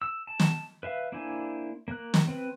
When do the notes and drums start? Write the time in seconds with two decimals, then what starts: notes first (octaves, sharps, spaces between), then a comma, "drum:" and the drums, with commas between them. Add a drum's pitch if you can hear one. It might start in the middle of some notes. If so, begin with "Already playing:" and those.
0.02 E6
0.27 A5
0.40 drum: snare
0.83 B4 E5 F5
1.12 A#3 D4 E4 C5 G#5
1.88 A#3 F#6
2.14 drum: snare
2.27 C4 B4